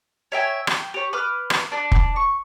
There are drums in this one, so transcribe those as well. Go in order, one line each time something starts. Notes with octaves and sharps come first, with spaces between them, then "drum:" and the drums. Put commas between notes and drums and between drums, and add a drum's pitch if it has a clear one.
C#5 E5 G5 G#5
G5, drum: rim click
G4 C#5
B4 D6 F6
drum: rim click
D4 D5 F#6
drum: kick
C#6